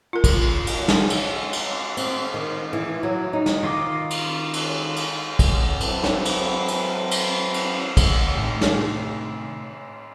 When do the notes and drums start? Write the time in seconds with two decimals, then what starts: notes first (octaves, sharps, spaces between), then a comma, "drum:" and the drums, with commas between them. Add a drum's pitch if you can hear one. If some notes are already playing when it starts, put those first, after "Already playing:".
0.13 F4 A#4
0.24 drum: kick, cymbal
0.67 drum: cymbal
0.88 drum: snare
1.10 drum: cymbal
1.53 drum: cymbal
1.97 C4, drum: cymbal
2.34 D#3
2.73 E3
3.03 F#3
3.33 D#4
3.46 drum: snare
3.63 D#3 F4 D#5 D6
4.10 drum: cymbal
4.53 drum: cymbal
4.96 drum: cymbal
5.39 drum: kick, cymbal
5.80 F#3 C4 E4 A4 B4, drum: cymbal
6.04 drum: snare
6.25 drum: cymbal
6.68 drum: cymbal
7.11 drum: cymbal
7.54 drum: cymbal
7.97 drum: kick, cymbal
8.34 A2 C3 D#3
8.61 drum: snare